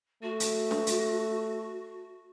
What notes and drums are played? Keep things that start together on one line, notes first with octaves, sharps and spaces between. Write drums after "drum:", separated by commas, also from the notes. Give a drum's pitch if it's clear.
A3 F#4
drum: hi-hat
drum: snare
drum: hi-hat